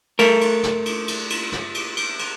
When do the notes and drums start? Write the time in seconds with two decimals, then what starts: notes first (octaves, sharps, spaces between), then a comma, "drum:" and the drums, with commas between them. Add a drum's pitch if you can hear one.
0.19 A3 A#4, drum: cymbal
0.41 drum: cymbal
0.63 drum: snare
0.86 drum: cymbal
1.08 drum: cymbal
1.30 drum: cymbal
1.52 drum: snare
1.74 drum: cymbal
1.97 drum: cymbal
2.19 drum: cymbal